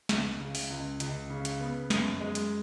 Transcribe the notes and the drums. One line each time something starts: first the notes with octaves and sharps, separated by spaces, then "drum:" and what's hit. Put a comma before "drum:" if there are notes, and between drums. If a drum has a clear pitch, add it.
C#2, drum: snare
C#3
drum: open hi-hat
C#2
C#2, drum: hi-hat
C#3
drum: hi-hat
B3
F#2, drum: snare
G#3
drum: hi-hat